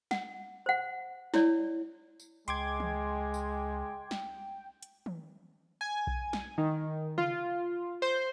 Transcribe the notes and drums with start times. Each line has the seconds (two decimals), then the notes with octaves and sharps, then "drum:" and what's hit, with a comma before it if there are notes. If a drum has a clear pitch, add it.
0.11 F#5, drum: snare
0.66 C5 F#5
1.34 E4 C#5 D5, drum: snare
2.20 drum: tambourine
2.48 C#2 G#3 G5 C6 D6 G#6, drum: hi-hat
2.80 drum: tom
3.34 drum: tambourine
4.11 drum: snare
4.83 drum: hi-hat
5.06 drum: tom
5.81 G#5
6.07 drum: kick B1
6.33 drum: snare
6.58 D#3
7.18 F4, drum: tom
8.02 C5